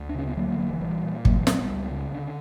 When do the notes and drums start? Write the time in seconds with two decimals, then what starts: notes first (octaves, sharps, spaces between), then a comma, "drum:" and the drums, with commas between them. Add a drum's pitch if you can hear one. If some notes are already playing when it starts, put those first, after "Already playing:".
Already playing: D2
0.09 D4
0.15 C#3 C#4
0.28 B3
0.37 D3 F#3 A#3
0.48 F#3 A#3
0.58 E1 F#3 A#3
0.70 E3
0.81 A#1 E3 G3
1.03 A#2
1.25 A#1 F#3 A#3, drum: kick
1.36 E3 G3
1.47 A#2 F#3 A#3, drum: snare
1.58 G3 B3
1.69 C#2
1.91 C#3
2.12 D3